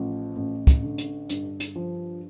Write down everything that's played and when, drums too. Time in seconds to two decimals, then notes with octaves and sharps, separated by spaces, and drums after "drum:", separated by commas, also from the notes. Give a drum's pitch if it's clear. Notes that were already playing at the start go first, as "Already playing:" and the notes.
Already playing: A1 F3
0.36 A1
0.67 drum: kick, hi-hat
0.83 D3
0.98 drum: hi-hat
1.29 G2, drum: hi-hat
1.60 drum: hi-hat
1.76 F3